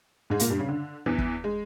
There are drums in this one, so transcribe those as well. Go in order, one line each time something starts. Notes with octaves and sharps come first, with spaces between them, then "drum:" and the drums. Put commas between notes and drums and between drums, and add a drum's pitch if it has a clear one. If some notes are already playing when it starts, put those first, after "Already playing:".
G#2 G#3
A#2 A#3, drum: hi-hat
G2 G3
C#3
D3
E2 E3
drum: kick
G#3